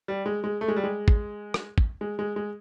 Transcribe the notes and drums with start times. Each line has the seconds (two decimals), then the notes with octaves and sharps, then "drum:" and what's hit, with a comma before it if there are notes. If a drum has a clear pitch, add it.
0.08 G3
0.26 G#3
0.44 G#3
0.61 A3
0.68 G#3
0.76 G3
0.84 G#3
1.08 drum: kick A1
1.54 drum: rim click
1.78 drum: kick A1
2.01 G#3
2.19 G#3
2.36 G#3